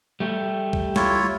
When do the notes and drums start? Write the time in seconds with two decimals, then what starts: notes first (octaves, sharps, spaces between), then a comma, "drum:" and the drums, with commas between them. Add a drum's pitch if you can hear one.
0.20 G3 A3 G4
0.73 drum: kick
0.96 E4 F4 C#5, drum: snare